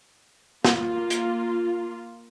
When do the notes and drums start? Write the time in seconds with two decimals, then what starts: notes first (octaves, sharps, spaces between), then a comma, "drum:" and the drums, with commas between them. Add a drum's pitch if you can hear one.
0.65 A#3 F4, drum: snare
1.10 drum: hi-hat